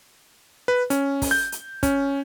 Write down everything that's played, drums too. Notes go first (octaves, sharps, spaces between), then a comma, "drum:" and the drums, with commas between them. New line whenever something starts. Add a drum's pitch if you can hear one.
B4
C#4, drum: hi-hat
drum: kick, open hi-hat
G6
drum: hi-hat
C#4, drum: kick, hi-hat